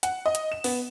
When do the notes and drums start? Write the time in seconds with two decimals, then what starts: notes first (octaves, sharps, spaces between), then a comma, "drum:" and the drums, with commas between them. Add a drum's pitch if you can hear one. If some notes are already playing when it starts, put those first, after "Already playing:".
0.03 F#5, drum: hi-hat
0.26 D#5
0.35 drum: hi-hat
0.52 E7
0.64 B3, drum: open hi-hat